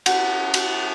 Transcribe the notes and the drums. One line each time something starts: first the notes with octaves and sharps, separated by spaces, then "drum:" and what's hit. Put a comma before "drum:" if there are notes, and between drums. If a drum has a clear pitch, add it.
F#5, drum: cymbal
drum: cymbal